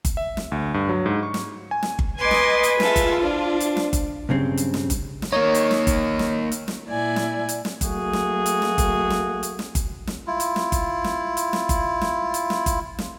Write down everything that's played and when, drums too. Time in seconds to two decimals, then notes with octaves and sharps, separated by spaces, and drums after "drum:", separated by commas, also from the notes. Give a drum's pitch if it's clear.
0.05 drum: kick G1, hi-hat
0.17 E5
0.37 drum: snare
0.52 D2
0.74 G2
0.89 F#3
1.06 G#2
1.23 C#6
1.34 drum: snare
1.71 G#5
1.83 drum: snare
1.99 drum: kick G1
2.17 B4 D#5 G#5 C6 D6
2.31 drum: snare
2.63 drum: hi-hat
2.80 G#3 F4 A4 E5, drum: snare
2.96 drum: kick G1, hi-hat
3.19 F3 D4
3.60 drum: hi-hat
3.77 drum: snare
3.93 drum: kick G1, hi-hat
4.29 B1 G2 C#3 C4
4.57 drum: hi-hat
4.74 drum: snare
4.90 drum: kick G1, hi-hat
5.22 drum: snare
5.33 A#3 D#4 C#5
5.55 drum: hi-hat
5.71 drum: snare
5.87 drum: kick G1, hi-hat
6.19 drum: snare
6.52 drum: hi-hat
6.68 drum: snare
6.88 A#2 E4 D5 G#5
7.16 drum: snare
7.49 drum: hi-hat
7.65 drum: snare
7.81 F#3 A3 A#3 F#4 G#4, drum: kick G1, hi-hat
8.13 drum: snare
8.46 drum: hi-hat
8.62 drum: snare
8.78 drum: kick G1, hi-hat
9.10 drum: snare
9.43 drum: hi-hat
9.59 drum: snare
9.75 drum: kick G1, hi-hat
10.07 drum: snare
10.27 E4 F4
10.40 drum: hi-hat
10.56 drum: snare
10.72 drum: kick G1, hi-hat
11.04 drum: snare
11.37 drum: hi-hat
11.53 drum: snare
11.69 drum: kick G1, hi-hat
12.01 drum: snare
12.34 drum: hi-hat
12.50 drum: snare
12.66 drum: kick G1, hi-hat
12.99 drum: snare